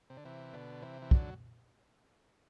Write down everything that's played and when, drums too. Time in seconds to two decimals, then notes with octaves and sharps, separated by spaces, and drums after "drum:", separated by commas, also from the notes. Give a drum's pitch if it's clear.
0.10 C3
0.17 D3
0.25 C3 E3
0.53 B2 D3
0.82 C3 E3
1.02 E3
1.11 D3 F#3, drum: kick